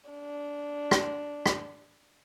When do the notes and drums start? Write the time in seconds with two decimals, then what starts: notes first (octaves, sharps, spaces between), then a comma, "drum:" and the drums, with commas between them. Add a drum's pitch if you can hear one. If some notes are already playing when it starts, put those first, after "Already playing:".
0.10 D4
0.91 drum: rim click
1.46 drum: rim click